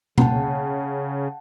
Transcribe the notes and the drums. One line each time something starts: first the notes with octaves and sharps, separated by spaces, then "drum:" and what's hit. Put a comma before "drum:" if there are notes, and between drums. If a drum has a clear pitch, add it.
C#3 F#5 G5 A5, drum: tom B2